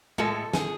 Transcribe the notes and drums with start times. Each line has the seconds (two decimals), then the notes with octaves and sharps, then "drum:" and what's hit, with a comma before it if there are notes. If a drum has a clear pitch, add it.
0.18 A2 G#3 A4, drum: tom G#3
0.53 G#4, drum: snare